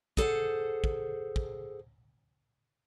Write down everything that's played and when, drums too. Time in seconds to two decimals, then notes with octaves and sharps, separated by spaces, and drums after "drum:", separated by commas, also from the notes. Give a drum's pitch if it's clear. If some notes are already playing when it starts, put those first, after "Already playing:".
0.17 G#4 A4 B4 C5 F#5, drum: kick
0.84 drum: kick
1.36 drum: kick